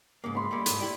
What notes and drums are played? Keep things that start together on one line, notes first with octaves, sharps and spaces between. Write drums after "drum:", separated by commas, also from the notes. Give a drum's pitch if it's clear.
G#2 C#3 A#3
B5 C6
G3 A3 A#3
D#2 G#2, drum: hi-hat
E4 G4 D5